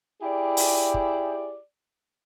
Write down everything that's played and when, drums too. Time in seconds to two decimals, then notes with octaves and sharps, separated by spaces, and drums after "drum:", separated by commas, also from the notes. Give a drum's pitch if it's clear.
0.22 E4 G4 G#4 D5
0.57 drum: open hi-hat
0.94 drum: kick